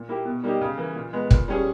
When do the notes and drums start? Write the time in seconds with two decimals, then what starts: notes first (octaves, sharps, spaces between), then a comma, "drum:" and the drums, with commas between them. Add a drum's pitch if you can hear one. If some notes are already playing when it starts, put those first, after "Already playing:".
Already playing: A#2
0.09 A#3 E4 G4
0.25 B2
0.43 G3 A#3 D#4 G4
0.61 C#3
0.78 E3 A#3
0.96 A#2
1.13 G#3 B3
1.31 A#2, drum: kick
1.48 G3 C#4 G#4